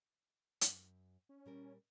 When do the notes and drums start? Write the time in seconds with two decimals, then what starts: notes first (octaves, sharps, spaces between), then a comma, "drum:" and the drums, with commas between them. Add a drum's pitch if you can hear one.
0.61 F#2, drum: hi-hat
1.29 C#4
1.46 A#2 G3 A#4